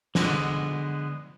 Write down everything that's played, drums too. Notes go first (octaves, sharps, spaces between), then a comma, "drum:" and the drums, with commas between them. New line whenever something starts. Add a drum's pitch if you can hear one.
D3 G#3 B3, drum: snare